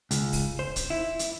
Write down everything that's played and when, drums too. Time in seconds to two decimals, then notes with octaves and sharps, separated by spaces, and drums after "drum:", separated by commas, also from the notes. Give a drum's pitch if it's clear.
0.11 C#2, drum: hi-hat
0.32 drum: kick, open hi-hat
0.59 C5
0.76 drum: kick, hi-hat
0.90 E4
1.19 drum: hi-hat